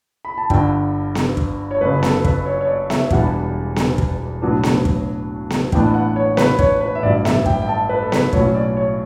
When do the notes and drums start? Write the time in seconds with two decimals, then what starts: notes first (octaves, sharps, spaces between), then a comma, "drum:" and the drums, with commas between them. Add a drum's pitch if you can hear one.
0.25 B5
0.38 A5
0.50 G1 G2 D3 G5, drum: kick
1.15 drum: snare B3
1.37 drum: kick
1.71 C#5
1.81 F#1 F#2 C#3 B4
1.95 B4
2.03 A4, drum: snare B3
2.25 B4, drum: kick
2.46 C#5
2.61 C#5
2.67 D5
2.90 E5, drum: snare B3
3.10 E1 E2 B2 G3 D4 F#5, drum: kick
3.76 drum: snare B3
3.98 drum: kick
4.42 B1 A2 F#3 B3 D4
4.63 drum: snare B3
4.85 drum: kick
5.50 drum: snare B3
5.72 A1 A2 E3 B3 D4 G5, drum: kick
5.94 F#5
6.16 C#5
6.37 B4, drum: snare B3
6.59 C#5, drum: kick
6.81 B4
6.95 E5
7.02 A1 G2 F#3 D5
7.25 E5, drum: snare B3
7.46 G5, drum: kick
7.62 G5
7.69 A5
7.89 B4
8.02 A4
8.12 B4, drum: snare B3
8.33 B1 A2 F#3 C#4 C#5, drum: kick
8.55 D5
8.77 C#5